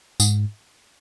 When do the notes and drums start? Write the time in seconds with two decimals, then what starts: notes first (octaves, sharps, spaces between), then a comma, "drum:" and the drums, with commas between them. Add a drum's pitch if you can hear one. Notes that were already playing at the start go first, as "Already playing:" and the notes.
0.20 G#2, drum: tambourine